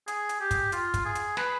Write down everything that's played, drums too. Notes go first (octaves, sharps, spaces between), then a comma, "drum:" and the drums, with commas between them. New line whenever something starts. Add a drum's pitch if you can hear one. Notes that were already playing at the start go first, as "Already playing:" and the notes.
G#4, drum: hi-hat
drum: hi-hat
G4
drum: kick, hi-hat
F4, drum: hi-hat
drum: kick, hi-hat
G#4
drum: hi-hat
B4, drum: snare